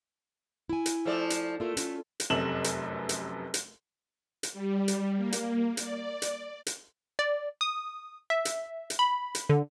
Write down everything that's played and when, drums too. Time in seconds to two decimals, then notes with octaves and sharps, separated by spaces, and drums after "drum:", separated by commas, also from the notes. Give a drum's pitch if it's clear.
0.69 E4 G#5
0.86 drum: hi-hat
1.05 F3 A3 D5
1.30 drum: hi-hat
1.60 A3 A#3 F4 A#4
1.77 C#4 F4, drum: hi-hat
2.20 drum: hi-hat
2.30 F1 F#2 C3 A4 E7 F#7
2.64 drum: hi-hat
3.09 drum: hi-hat
3.54 drum: hi-hat
4.43 drum: hi-hat
4.53 G3
4.88 drum: hi-hat
5.17 A#3
5.32 drum: hi-hat
5.77 D5, drum: hi-hat
6.22 drum: hi-hat
6.67 drum: hi-hat
7.19 D5
7.61 D#6
8.30 E5
8.45 drum: hi-hat
8.90 drum: hi-hat
8.99 B5
9.35 drum: hi-hat
9.50 D3